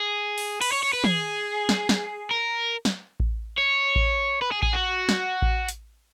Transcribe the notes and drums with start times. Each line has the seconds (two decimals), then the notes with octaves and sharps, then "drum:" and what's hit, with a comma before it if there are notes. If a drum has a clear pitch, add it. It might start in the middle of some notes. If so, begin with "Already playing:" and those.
Already playing: G#4
0.38 drum: open hi-hat
0.62 B4, drum: cymbal
0.73 C#5
0.83 C#5
0.93 B4
1.04 G#4, drum: tom
1.69 drum: snare
1.89 drum: snare
2.31 A#4
2.85 drum: snare
3.20 drum: kick A1
3.58 C#5
3.96 drum: kick A1
4.42 B4
4.52 G#4
4.62 G#4, drum: kick A1
4.73 F#4
5.09 drum: snare
5.42 drum: kick A1
5.69 drum: hi-hat